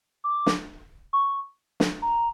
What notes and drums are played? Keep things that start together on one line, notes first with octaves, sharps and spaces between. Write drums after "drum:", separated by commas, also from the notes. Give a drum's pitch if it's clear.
D6
drum: snare
C#6
drum: snare
A#5